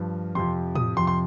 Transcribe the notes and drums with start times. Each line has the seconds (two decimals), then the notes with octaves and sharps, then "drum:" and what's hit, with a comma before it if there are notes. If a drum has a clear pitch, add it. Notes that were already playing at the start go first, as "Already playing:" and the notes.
Already playing: G2 F3
0.35 F2 C3 F3 C6
0.75 D#6, drum: tom A2
0.96 F2 C3 F3 C6
1.07 C6